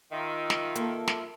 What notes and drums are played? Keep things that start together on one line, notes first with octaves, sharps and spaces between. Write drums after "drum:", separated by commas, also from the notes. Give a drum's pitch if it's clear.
D#3 F4 E5
drum: snare
A#3 A4, drum: hi-hat
drum: snare